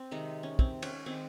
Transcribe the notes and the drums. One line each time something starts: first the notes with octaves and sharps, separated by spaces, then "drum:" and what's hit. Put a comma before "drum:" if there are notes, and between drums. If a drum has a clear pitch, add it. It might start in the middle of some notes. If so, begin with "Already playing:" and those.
Already playing: C4
C3 D#3 G#3 D#4
C#4
C4, drum: kick
C#4, drum: cymbal
D#3 G#3 C4